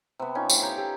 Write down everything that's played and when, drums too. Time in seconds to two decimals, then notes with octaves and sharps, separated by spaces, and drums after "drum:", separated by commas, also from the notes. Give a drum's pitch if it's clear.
0.19 C3 B3
0.35 F3 C#4 D#4
0.50 A2, drum: tambourine
0.62 G4 A#5
0.77 G4 A4